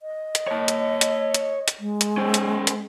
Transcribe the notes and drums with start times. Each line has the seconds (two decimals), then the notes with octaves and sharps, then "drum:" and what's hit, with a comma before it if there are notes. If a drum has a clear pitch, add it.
0.02 D#5
0.35 drum: hi-hat
0.47 C#5 A5
0.68 drum: hi-hat
1.01 drum: hi-hat
1.34 drum: hi-hat
1.68 drum: hi-hat
1.80 G#3
2.01 drum: hi-hat
2.17 C#4 C5
2.34 drum: hi-hat
2.67 drum: hi-hat